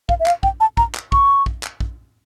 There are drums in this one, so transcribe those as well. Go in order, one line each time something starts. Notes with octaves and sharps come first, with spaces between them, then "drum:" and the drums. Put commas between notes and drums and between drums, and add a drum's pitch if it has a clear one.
F5, drum: kick
E5
F5, drum: clap
G5, drum: kick
A5
A#5, drum: kick
drum: clap
C#6, drum: kick
drum: kick
drum: clap
drum: kick